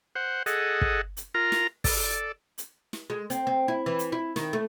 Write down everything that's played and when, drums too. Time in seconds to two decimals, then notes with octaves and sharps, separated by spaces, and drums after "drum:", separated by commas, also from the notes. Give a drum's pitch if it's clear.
0.15 C5 F#5
0.46 G#4 A4 D#5 F#5, drum: hi-hat
0.81 drum: kick
1.17 drum: hi-hat
1.34 F4 A#4 A#5
1.52 drum: snare
1.84 A4 D5, drum: kick, open hi-hat
2.58 drum: hi-hat
2.93 drum: snare
3.10 G#3
3.30 C4, drum: hi-hat
3.47 C4
3.68 E4
3.86 E3
3.99 drum: hi-hat
4.12 E4
4.36 D#3, drum: snare
4.53 A3